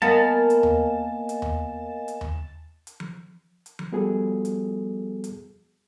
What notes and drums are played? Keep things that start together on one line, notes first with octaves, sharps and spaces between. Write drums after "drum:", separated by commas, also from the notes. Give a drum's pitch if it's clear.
A#3 B3 D#5 F5 G#5 A5
drum: hi-hat
drum: tom D#2
drum: hi-hat
drum: tom D#2
drum: hi-hat
drum: tom D#2
drum: hi-hat
drum: tom F3
drum: hi-hat
drum: tom F3
F3 G3 B3 F#4 G#4 A4
drum: hi-hat
drum: hi-hat